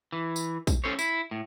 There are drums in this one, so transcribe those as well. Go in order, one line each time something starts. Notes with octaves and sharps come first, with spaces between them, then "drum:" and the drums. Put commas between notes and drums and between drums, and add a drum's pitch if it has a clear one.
E3
drum: tambourine
drum: kick, tambourine
C#4 A4 C5 C#5
E4, drum: tambourine
A2